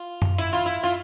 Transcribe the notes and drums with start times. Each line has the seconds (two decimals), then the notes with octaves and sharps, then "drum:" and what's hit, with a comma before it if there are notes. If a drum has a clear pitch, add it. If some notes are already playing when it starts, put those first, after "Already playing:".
Already playing: F4
0.22 drum: tom F#2
0.38 E4, drum: hi-hat
0.53 F4
0.66 E4
0.83 F4